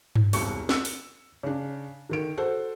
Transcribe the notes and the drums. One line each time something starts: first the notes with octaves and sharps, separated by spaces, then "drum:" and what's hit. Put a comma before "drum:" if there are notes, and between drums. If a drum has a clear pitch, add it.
drum: tom G2
E1 C2 G2 C#6 C#7, drum: open hi-hat
E6 C#7, drum: snare
drum: open hi-hat
C#3 D4
D3 D#3 D7
F#4 A4 C5